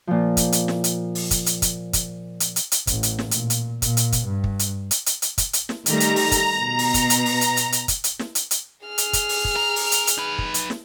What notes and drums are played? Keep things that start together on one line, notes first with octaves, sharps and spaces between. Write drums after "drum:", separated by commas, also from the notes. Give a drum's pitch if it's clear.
A#2 F3
drum: kick, hi-hat
drum: hi-hat
drum: snare
drum: hi-hat
drum: open hi-hat
drum: kick, hi-hat
drum: hi-hat
drum: kick, hi-hat
drum: kick, hi-hat
drum: hi-hat
drum: hi-hat
drum: hi-hat
A1, drum: kick, hi-hat
drum: hi-hat
drum: snare
A#2, drum: hi-hat
drum: hi-hat
A#2, drum: kick, hi-hat
drum: hi-hat
drum: kick, hi-hat
G2
drum: kick
drum: hi-hat
drum: hi-hat
drum: hi-hat
drum: hi-hat
drum: kick, hi-hat
drum: hi-hat
drum: snare
D#3 G3 A3 A#5, drum: hi-hat
drum: hi-hat
drum: open hi-hat
drum: kick, hi-hat
B2
drum: open hi-hat
drum: kick, hi-hat
drum: hi-hat
drum: open hi-hat
drum: hi-hat
drum: hi-hat
drum: hi-hat
drum: kick, hi-hat
drum: hi-hat
drum: snare
drum: hi-hat
drum: hi-hat
G#4 F6
drum: hi-hat
drum: kick, hi-hat
drum: open hi-hat
drum: kick
A#4 A#5
drum: open hi-hat
drum: hi-hat
drum: hi-hat
D#4 B4
drum: kick
drum: hi-hat
drum: snare